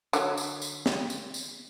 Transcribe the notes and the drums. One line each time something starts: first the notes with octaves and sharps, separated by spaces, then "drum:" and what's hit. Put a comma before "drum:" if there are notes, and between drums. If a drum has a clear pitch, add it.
D3 F#3, drum: tambourine
drum: tambourine
drum: tambourine
drum: snare
drum: tambourine
drum: tambourine